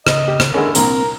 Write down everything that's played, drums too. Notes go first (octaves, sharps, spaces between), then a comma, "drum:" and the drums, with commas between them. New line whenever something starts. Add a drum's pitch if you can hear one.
C#3 D#5, drum: rim click
G4
drum: rim click
D3 G#3 C#4 E4 A4 A#4
C2 A#2 D3 C4 A#4, drum: hi-hat